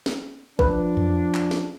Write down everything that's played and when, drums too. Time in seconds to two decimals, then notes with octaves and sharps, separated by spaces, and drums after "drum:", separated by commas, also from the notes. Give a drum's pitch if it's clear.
0.06 drum: snare
0.59 F3 D4 B4, drum: kick
0.97 drum: tom F2
1.34 drum: clap
1.51 drum: snare